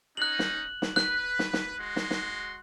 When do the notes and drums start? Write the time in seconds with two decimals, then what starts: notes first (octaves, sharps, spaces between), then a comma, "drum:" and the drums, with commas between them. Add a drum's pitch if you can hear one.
0.17 C#4 D#4 F#6 F#7
0.39 drum: snare
0.82 drum: snare
0.96 B4 F#6, drum: snare
1.39 drum: snare
1.53 drum: snare
1.79 G#3 F#4 C6
1.96 drum: snare
2.10 drum: snare